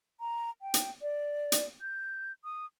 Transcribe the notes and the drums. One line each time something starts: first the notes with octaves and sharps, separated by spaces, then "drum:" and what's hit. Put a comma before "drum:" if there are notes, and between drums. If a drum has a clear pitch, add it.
A#5
G5
drum: hi-hat
D5
drum: hi-hat
G6
D#6